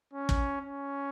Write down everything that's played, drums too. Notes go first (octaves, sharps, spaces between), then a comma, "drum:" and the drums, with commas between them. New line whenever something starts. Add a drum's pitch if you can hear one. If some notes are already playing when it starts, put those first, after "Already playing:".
C#4
drum: kick
C#4